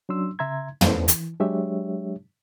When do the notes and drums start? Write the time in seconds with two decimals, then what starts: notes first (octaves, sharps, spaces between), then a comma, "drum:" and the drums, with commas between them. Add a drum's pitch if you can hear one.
0.09 F#3 C#4 D4 C6 E6
0.39 C#3 E5 A#5 C6 G#6
0.81 A3 C#4 E4 A4 B4 C5, drum: tom
1.08 E3, drum: hi-hat
1.40 F#3 G#3 D4 G4 C#5 E5